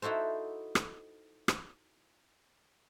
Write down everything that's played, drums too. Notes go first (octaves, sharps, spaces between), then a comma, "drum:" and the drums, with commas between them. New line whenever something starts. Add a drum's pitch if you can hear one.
D#4 E4 F#4 A4 C5
drum: rim click
drum: rim click